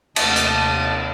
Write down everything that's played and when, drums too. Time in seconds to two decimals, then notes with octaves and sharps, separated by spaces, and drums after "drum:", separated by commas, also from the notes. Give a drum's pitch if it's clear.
0.16 D#2 C3 A3 D#5 A5, drum: cymbal
0.36 drum: hi-hat